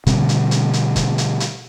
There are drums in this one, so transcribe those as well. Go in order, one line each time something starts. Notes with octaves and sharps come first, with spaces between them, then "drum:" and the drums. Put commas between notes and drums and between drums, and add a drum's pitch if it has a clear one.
B2 D3 G3 C4, drum: kick G1, hi-hat
drum: hi-hat
drum: hi-hat
drum: hi-hat
drum: kick G1, hi-hat
drum: hi-hat
drum: hi-hat